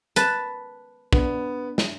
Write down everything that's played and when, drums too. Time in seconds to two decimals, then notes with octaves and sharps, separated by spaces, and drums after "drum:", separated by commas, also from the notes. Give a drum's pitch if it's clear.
0.16 B4 A5, drum: hi-hat
1.13 B3 D4, drum: kick
1.78 drum: snare